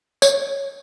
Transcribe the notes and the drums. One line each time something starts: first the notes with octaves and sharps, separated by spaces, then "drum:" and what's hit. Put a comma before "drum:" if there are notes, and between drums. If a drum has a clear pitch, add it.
C#5, drum: tambourine